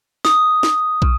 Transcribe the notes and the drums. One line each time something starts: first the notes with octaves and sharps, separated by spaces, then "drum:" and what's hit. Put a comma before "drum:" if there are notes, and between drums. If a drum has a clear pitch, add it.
D#6, drum: snare
drum: snare
drum: kick